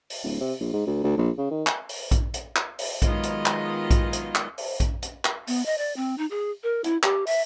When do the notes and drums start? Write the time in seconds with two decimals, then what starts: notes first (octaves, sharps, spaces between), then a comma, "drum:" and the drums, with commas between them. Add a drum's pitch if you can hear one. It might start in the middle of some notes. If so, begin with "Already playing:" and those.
0.10 drum: open hi-hat
0.24 D1
0.40 C3
0.60 A#1
0.73 G#2
0.87 D2
1.04 D2
1.17 A#1
1.38 C#3
1.51 D#3
1.67 drum: clap
1.89 drum: open hi-hat
2.11 drum: kick A#1, hi-hat
2.34 drum: hi-hat
2.56 drum: clap
2.79 drum: open hi-hat
3.02 D#3 F#3 G#3 B3 F4 D#5, drum: kick A#1, hi-hat
3.23 drum: hi-hat
3.46 drum: clap
3.91 drum: kick A#1, hi-hat
4.13 drum: hi-hat
4.35 drum: clap
4.58 drum: open hi-hat
4.80 drum: kick A#1, hi-hat
5.02 drum: hi-hat
5.25 drum: clap
5.47 B3, drum: open hi-hat
5.66 D#5
5.78 D5
5.96 C4
6.18 D#4
6.31 G#4
6.63 A#4
6.84 E4, drum: hi-hat
7.03 G4, drum: clap
7.27 E5, drum: open hi-hat